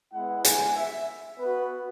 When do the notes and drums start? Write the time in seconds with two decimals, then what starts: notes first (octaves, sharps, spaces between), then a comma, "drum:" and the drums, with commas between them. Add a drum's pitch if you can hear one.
0.13 G#3 B3 E4 F#5
0.45 G#5, drum: hi-hat
0.76 E5
1.39 B3 F#4 B4